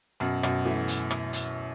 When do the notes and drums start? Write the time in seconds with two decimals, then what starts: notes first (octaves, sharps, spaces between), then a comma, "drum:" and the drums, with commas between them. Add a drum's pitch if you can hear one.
0.20 F#2 B2
0.43 F#2 B2, drum: rim click
0.66 E3 A3
0.88 drum: hi-hat
1.11 drum: rim click
1.33 drum: hi-hat